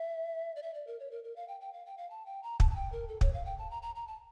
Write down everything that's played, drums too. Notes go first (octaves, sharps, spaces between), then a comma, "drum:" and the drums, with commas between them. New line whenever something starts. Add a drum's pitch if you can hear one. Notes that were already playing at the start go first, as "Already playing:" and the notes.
Already playing: E5
D5
E5
D5
A#4
C#5
A#4
A#4
F5
G5
G5
F5
G5
F5
A5
G5
A#5
A5, drum: kick
A5
G5
A#4
A4
C#5, drum: kick
F5
G5
A5
A#5
A#5
A#5
A5